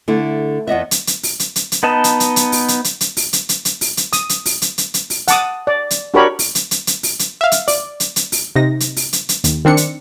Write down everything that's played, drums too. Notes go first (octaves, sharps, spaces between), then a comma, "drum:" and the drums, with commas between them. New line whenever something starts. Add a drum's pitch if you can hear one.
D3 A3 E4
E2 B3 D#5 E5
drum: hi-hat
drum: hi-hat
drum: open hi-hat
drum: hi-hat
drum: hi-hat
drum: hi-hat
B3 D#4 B4 D#5 A5
drum: hi-hat
drum: hi-hat
drum: hi-hat
drum: open hi-hat
drum: hi-hat
drum: hi-hat
drum: hi-hat
drum: open hi-hat
drum: hi-hat
drum: hi-hat
drum: hi-hat
drum: open hi-hat
drum: hi-hat
D#6, drum: hi-hat
drum: hi-hat
drum: open hi-hat
drum: hi-hat
drum: hi-hat
drum: hi-hat
drum: open hi-hat
F#5 A5 D6 D#6, drum: hi-hat
D5
drum: hi-hat
D4 F#4 G4 A#4 C#5 B5
drum: open hi-hat
drum: hi-hat
drum: hi-hat
drum: hi-hat
drum: open hi-hat
drum: hi-hat
E5 F5
drum: hi-hat
D5, drum: open hi-hat
drum: hi-hat
drum: hi-hat
drum: open hi-hat
C3 D#4 A#6
drum: hi-hat
drum: open hi-hat
drum: hi-hat
drum: hi-hat
D#2, drum: hi-hat
D#3 C4 D4 C#7
drum: hi-hat